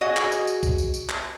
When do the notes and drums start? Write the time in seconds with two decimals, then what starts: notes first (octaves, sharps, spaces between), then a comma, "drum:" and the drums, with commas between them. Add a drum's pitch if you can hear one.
0.01 F#4 G#4 D#5 F#5
0.16 drum: clap
0.32 drum: tambourine
0.47 drum: tambourine
0.63 drum: kick B1, tambourine
0.78 drum: tambourine
0.94 drum: tambourine
1.09 drum: clap